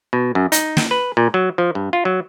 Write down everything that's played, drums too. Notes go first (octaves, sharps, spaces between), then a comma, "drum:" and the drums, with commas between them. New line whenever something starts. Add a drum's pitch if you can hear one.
B2
F#2
D#4, drum: hi-hat
drum: snare
B4
A#2
F#3
F3
G2
F4
F#3